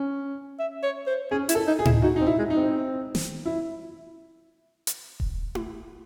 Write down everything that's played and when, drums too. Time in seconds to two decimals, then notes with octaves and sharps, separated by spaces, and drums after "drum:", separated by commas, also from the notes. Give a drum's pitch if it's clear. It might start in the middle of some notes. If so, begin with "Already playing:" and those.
Already playing: C#4
0.59 E5
0.83 C#5
1.07 C5
1.31 C#4 G#4
1.49 E4, drum: hi-hat
1.55 A4
1.67 D#4
1.79 G#4
1.85 E4, drum: tom A2
2.02 D#4 F#4
2.16 C4 D#4
2.26 E4
2.38 G#3
2.50 D#4
2.56 C4
3.15 drum: snare
3.45 E4
4.87 drum: hi-hat
5.20 drum: kick D#1
5.55 drum: tom E4